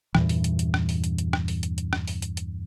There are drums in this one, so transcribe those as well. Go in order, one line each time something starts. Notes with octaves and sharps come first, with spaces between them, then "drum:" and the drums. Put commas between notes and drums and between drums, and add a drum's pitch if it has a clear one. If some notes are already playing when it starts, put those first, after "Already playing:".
E2 G2 A#2 E3, drum: rim click
drum: open hi-hat
drum: hi-hat
drum: hi-hat
drum: rim click
drum: open hi-hat
drum: hi-hat
drum: hi-hat
drum: rim click
drum: open hi-hat
drum: hi-hat
drum: hi-hat
drum: rim click
drum: open hi-hat
drum: hi-hat
drum: hi-hat